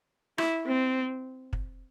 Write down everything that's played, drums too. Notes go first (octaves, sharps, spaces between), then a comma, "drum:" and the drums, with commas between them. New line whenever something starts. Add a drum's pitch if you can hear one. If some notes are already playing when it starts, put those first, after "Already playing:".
E4, drum: rim click
C4
drum: kick